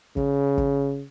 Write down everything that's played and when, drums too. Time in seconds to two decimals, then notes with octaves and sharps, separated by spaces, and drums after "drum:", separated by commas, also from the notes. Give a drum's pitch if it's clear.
0.16 C#3, drum: kick
0.58 drum: kick